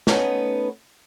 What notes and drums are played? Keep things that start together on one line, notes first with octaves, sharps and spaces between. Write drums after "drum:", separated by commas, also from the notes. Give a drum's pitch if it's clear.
A3 B3 C#4 D#4, drum: snare